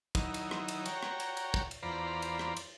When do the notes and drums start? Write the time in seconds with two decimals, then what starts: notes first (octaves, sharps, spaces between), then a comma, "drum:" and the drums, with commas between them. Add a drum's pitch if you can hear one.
0.15 D#3 F#3 D#4 E4, drum: kick, cymbal
0.34 drum: cymbal
0.51 drum: rim click
0.68 drum: cymbal
0.85 F#4 C#5 G5 A#5, drum: cymbal
1.03 drum: rim click
1.20 drum: cymbal
1.37 drum: cymbal
1.54 drum: kick
1.71 drum: cymbal
1.82 E2 F4 C5 D5 A#5 B5
2.22 drum: cymbal
2.39 drum: rim click
2.57 drum: cymbal